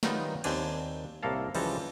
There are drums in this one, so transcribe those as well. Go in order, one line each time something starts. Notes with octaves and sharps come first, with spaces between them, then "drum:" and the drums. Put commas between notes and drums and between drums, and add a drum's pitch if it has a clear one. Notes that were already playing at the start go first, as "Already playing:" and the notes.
D#3 F#3 G3 B3 D#4 F4, drum: snare
D#2 C4 D4 G#5, drum: cymbal
C2 A2 A#3 A4 F5 A5
C#2 E3 F3 G3 A4 A#5, drum: cymbal